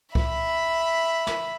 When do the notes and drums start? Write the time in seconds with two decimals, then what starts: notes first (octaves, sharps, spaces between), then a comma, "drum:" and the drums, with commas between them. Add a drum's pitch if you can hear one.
0.15 E5 B5, drum: kick C2
1.27 drum: snare